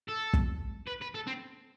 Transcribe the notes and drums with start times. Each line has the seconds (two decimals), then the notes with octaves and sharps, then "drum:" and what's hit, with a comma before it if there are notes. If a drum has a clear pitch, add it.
0.09 A4
0.33 drum: kick
0.88 B4
1.02 B4
1.15 A4
1.27 C4